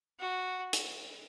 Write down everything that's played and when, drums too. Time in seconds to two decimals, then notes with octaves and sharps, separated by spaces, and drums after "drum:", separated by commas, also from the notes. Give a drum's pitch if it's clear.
0.20 F#4
0.73 drum: hi-hat